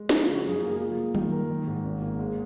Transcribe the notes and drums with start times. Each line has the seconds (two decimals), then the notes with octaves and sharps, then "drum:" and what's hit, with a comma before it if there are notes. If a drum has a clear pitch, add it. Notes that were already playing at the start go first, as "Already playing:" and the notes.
Already playing: G#3
0.09 F3 D#4, drum: snare
0.22 F4
0.28 C#3 F#4
0.46 F#2 G#4
0.63 A#3
0.81 F4
0.97 A#3
1.15 D#3, drum: tom F#3
1.32 A#4
1.49 D#3
1.67 G#2
1.84 G#1
2.02 A#3
2.19 G#3 G#4